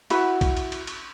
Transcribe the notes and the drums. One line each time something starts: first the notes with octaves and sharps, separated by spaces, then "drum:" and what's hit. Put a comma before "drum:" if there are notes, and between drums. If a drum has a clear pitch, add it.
E4 F#4 B4 F#5, drum: cymbal
drum: kick B1, cymbal
drum: cymbal
drum: cymbal
drum: cymbal